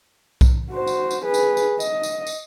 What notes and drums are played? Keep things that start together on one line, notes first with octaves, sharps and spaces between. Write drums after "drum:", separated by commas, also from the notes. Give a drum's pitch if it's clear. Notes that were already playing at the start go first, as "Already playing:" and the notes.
drum: kick B1, tambourine
F#4 C5
drum: tambourine
drum: tambourine
G#4 B4
drum: tambourine
drum: tambourine
D#5, drum: tambourine
drum: tambourine
drum: tambourine